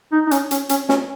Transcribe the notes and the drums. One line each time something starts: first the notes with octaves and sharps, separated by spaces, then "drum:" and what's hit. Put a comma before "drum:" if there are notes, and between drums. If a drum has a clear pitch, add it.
D#4
D#4
C#4, drum: hi-hat
C#4, drum: hi-hat
C#4, drum: hi-hat
C#4, drum: snare